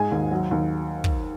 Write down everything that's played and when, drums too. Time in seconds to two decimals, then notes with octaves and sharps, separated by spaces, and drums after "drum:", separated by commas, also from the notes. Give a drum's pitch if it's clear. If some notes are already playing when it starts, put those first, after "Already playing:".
Already playing: G#2 G#3 G#5
0.12 D#2
0.31 F#3
0.51 D#2
1.04 drum: kick